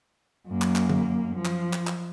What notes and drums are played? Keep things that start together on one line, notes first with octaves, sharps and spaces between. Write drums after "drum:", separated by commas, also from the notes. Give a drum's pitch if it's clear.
F#2 A#3
drum: clap
drum: clap
drum: tom D3
F3
drum: clap
drum: clap
drum: clap